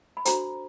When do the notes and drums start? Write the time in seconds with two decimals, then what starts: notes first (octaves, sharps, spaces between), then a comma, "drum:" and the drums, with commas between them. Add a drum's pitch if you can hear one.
0.17 B5
0.25 D4 F#4 A4 C5 A#5, drum: hi-hat